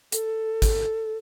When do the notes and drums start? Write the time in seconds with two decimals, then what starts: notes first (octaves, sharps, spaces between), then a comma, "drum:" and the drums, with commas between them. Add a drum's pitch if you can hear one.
0.12 A4, drum: hi-hat
0.62 drum: kick G#1, hi-hat